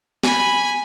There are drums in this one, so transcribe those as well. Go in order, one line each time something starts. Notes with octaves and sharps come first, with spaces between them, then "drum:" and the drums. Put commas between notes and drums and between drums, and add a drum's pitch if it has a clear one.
G#5 B5, drum: snare